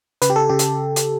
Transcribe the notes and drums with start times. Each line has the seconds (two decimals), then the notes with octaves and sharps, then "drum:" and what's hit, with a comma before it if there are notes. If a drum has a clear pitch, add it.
0.22 C#3 B4, drum: hi-hat
0.30 G4
0.36 A4
0.49 C#3 G4
0.59 drum: hi-hat
0.96 drum: hi-hat